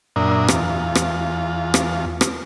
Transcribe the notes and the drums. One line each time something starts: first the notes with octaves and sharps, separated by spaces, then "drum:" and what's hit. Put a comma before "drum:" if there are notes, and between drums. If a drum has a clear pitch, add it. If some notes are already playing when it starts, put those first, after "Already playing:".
F#2 A#2 D4 A#4 E5 D#6
E2 F4, drum: rim click
drum: rim click
drum: rim click
drum: rim click